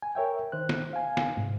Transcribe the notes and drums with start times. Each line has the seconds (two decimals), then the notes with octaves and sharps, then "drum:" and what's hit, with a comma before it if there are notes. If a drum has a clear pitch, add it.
0.02 G#5
0.15 A#4 C#5 E5 G5
0.52 D#3 C5 F#6
0.69 drum: snare
0.93 F5 G#5
1.17 drum: snare
1.37 G#2 C3